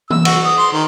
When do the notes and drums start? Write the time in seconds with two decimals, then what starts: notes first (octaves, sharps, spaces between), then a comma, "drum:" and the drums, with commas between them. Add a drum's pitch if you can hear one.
0.10 E6, drum: tom E3
0.25 F#4, drum: cymbal
0.45 D#6
0.58 C6
0.73 D#3